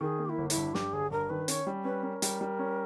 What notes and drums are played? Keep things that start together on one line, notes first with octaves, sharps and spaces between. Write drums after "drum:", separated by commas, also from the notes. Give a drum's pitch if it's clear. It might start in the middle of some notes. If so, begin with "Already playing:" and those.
D#3 G#4
A#3
G4
E4
G1
E4, drum: hi-hat
G2
G2 G4, drum: snare
G1 G#4
G2 A#4
D#3 B4
C#4 C#5, drum: hi-hat
G3
C#4 B4
C#4 A#4
G3, drum: hi-hat
G3
C#4